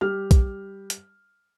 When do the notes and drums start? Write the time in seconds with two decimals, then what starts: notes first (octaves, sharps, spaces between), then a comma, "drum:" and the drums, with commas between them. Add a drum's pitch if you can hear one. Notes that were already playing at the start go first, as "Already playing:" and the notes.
0.01 G3 G4 F6
0.31 drum: kick B1, hi-hat
0.90 drum: hi-hat